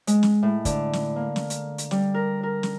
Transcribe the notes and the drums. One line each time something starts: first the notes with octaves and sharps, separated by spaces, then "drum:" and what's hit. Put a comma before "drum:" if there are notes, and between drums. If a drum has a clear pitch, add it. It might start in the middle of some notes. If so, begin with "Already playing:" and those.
G#3, drum: hi-hat
drum: snare
A2
D3, drum: kick, hi-hat
drum: snare
A#3
drum: snare
drum: hi-hat
drum: hi-hat
G3, drum: snare
A#4
A#4
drum: snare